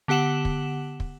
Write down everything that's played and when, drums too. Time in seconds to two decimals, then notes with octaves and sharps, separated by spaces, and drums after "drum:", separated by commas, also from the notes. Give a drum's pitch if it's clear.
0.08 D3 B3 G4 F#5 E7 F#7
0.45 drum: kick
1.00 drum: kick